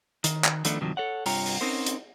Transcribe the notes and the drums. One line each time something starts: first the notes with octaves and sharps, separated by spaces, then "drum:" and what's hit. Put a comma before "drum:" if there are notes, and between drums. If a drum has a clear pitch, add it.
D#3, drum: hi-hat
drum: clap
D#3 F3 A3 B3 D4, drum: hi-hat
G2 C3 D#3 F3 F#3
A4 C#5 F#5
G2 C3 F4 C#5 G5 A#5, drum: open hi-hat
drum: open hi-hat
C4 C#4 D#4 A#4 C5
drum: hi-hat